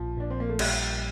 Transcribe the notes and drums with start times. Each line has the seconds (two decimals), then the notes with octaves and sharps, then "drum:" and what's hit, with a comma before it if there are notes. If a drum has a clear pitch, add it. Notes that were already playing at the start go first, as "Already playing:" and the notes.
Already playing: A#1 F3
0.17 A#2 D4
0.30 C4
0.40 A#3
0.49 A3
0.59 A#1 G3, drum: cymbal